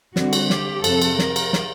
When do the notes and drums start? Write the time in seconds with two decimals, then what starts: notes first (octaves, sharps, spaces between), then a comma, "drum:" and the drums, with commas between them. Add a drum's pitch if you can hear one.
0.16 D3 G3 C4 F#4, drum: snare
0.33 drum: cymbal
0.50 G4, drum: snare
0.84 F2 C3 F3 A4, drum: cymbal
1.02 drum: cymbal
1.19 A#4, drum: snare
1.36 drum: cymbal
1.53 drum: snare